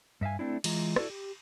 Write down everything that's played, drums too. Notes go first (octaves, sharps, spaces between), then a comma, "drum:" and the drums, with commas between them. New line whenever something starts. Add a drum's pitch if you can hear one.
G2 E5 F5 G#5
A3 C4 D4 E4
E3 G#3 F4 D#5 A#5, drum: cymbal
E4 F#4 A4 D5, drum: rim click
G4